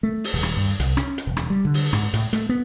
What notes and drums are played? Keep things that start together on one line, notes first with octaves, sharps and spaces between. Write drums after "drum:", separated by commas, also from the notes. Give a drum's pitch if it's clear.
A3
drum: open hi-hat
D#1
drum: rim click
G2
C2, drum: hi-hat
C#4, drum: rim click
drum: hi-hat
E1
drum: rim click
G3
D3
drum: open hi-hat
G#2, drum: rim click
A2, drum: hi-hat
A3, drum: hi-hat
B3